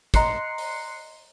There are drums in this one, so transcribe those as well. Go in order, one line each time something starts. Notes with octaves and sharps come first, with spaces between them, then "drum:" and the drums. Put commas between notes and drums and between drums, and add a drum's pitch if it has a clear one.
D#5 A#5 C6 F#6 C7 C#7, drum: kick, hi-hat
drum: open hi-hat